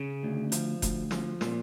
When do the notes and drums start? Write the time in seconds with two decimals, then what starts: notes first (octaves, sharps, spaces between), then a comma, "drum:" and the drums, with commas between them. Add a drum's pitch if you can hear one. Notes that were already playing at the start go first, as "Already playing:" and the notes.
Already playing: C#3
0.23 D2
0.52 F3, drum: hi-hat
0.82 D2, drum: kick F1, hi-hat
1.11 F3, drum: snare
1.41 A#2, drum: snare